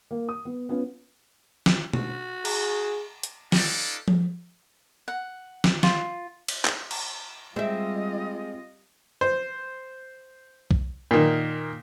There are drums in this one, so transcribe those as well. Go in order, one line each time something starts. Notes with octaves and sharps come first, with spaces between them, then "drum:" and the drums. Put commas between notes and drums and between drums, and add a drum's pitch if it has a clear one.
A#3
D#6
B3
B3 C#4 F4
drum: snare
F#4, drum: tom B2
G#4, drum: cymbal
drum: hi-hat
C#4 D#4 F4 A4 B4 D5, drum: snare
drum: tom F3
F#5
drum: snare
F4, drum: snare
drum: cymbal
drum: clap
drum: cymbal
G3 G#3 C4 F4 D#5 E5
C5
drum: kick B1
A#2 D#3